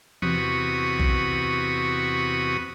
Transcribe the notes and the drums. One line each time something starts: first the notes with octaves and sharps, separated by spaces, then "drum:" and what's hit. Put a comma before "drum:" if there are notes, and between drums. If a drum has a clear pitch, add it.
E2 C3 F#4 B5 C#6 D#6, drum: tom E3
drum: kick B1